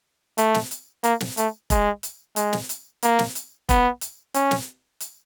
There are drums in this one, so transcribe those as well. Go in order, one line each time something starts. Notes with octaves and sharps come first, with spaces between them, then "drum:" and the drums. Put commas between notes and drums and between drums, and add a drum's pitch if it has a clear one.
A3, drum: hi-hat
drum: snare
drum: hi-hat
A#3, drum: hi-hat
drum: snare
A3, drum: hi-hat
G#3, drum: kick F1, hi-hat
drum: hi-hat
G#3, drum: hi-hat
drum: snare
drum: hi-hat
A#3, drum: hi-hat
drum: snare
drum: hi-hat
B3, drum: kick F1, hi-hat
drum: hi-hat
C#4, drum: hi-hat
drum: snare
drum: hi-hat